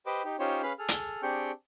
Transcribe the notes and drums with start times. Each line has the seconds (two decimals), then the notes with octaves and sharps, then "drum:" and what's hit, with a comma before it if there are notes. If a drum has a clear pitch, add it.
0.06 G4 B4 C5 D#5 D6
0.24 D#4 G4
0.39 C#4 D#4 F4 G4 C5 C#5
0.63 C#4 G#4 B4 F5 B5
0.79 G#4 A4 F6
0.88 drum: hi-hat
1.23 C4 D4 G4 G#4 G5 C#6